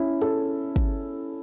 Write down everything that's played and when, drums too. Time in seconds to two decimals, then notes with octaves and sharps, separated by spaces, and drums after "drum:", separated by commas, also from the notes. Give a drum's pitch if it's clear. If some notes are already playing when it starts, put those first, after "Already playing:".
Already playing: C#4 E4
0.22 A4, drum: hi-hat
0.76 drum: kick